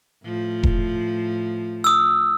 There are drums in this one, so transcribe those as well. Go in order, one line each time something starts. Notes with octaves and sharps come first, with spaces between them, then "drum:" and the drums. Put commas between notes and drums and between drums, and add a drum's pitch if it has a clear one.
A2 F3
drum: kick E1
D#6 E6